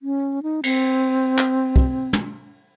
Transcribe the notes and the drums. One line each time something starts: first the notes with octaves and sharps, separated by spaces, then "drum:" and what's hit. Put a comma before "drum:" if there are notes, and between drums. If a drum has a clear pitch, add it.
C#4
D#4
C4, drum: cymbal
drum: clap
drum: kick
drum: tom